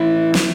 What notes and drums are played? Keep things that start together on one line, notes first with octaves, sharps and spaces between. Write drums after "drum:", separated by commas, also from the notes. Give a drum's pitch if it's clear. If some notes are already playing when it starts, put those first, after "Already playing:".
Already playing: A2 E3 E4
drum: snare